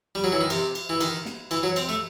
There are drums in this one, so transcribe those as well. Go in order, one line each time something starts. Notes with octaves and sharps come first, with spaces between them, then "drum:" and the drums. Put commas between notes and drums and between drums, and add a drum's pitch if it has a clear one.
G3
F#3
E3
D#3
C3, drum: cymbal
drum: cymbal
E3
D#3, drum: cymbal
drum: snare
E3, drum: cymbal
F#3
C4, drum: cymbal
A3